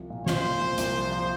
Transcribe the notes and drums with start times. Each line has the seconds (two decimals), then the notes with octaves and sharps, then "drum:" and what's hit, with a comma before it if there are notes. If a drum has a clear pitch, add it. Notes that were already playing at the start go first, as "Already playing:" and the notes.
Already playing: C2 F3
0.10 A#2
0.26 F3 C5, drum: snare
0.44 A#2
0.61 A#2
0.78 C2, drum: hi-hat
0.95 F3
1.11 F3